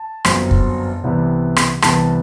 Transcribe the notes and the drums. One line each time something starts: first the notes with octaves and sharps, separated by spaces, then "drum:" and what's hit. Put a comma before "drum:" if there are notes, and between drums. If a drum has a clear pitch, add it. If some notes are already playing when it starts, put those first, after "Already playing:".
Already playing: A5
G1 F#2 F#3 C4, drum: rim click
drum: kick
C2 C3 E3 G3 B3
drum: rim click
C2 C3 E3 G3 B3 A5, drum: rim click